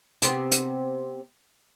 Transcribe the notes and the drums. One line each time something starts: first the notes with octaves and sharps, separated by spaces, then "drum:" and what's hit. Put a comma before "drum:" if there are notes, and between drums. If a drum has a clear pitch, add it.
C3 B3 C4, drum: hi-hat
drum: hi-hat